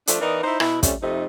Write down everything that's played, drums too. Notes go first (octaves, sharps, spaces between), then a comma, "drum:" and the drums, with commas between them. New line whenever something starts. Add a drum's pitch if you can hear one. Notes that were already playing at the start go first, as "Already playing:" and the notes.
F3 A3 D4, drum: hi-hat
E3 B3 D#4 A#4 D5
D#4 E4 C5
B2 E4, drum: rim click
F2 G3 A3 C#4, drum: kick, hi-hat
F2 C3 A3 D#4